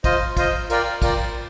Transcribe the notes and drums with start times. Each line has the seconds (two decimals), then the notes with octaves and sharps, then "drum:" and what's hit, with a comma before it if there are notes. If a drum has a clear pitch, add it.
0.04 F4 C5 D#5, drum: kick, cymbal
0.37 F4 C5 D#5, drum: kick, cymbal
0.70 F4 A#4 D5 G5, drum: cymbal
1.02 F4 A#4 D5 G5, drum: kick, cymbal